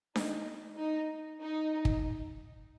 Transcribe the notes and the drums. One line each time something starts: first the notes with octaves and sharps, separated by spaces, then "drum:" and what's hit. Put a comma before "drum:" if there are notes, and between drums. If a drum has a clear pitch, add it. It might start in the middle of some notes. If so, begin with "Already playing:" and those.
D#4, drum: snare D4
D#4
D#4
drum: kick